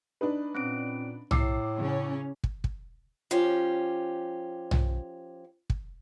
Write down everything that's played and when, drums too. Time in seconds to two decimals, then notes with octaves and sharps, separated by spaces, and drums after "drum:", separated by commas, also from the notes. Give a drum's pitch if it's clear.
0.21 D4 D#4 B4
0.55 A#2 C4 C#4 D7
1.31 A2 E4 D6 E6 C7, drum: tom
1.78 C#3 C#4
2.44 drum: kick
2.64 drum: kick
3.31 F3 C#4 G4
4.71 drum: tom
5.70 drum: kick